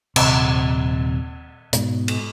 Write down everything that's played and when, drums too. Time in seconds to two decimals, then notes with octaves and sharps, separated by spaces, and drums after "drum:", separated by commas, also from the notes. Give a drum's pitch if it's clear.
0.16 D#1 C3, drum: cymbal
1.73 G#2 B2, drum: hi-hat
2.08 drum: cymbal